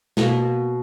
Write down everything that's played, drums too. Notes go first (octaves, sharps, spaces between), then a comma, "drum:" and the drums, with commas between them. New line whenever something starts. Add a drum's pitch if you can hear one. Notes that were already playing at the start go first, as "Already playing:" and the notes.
B2 A#3, drum: snare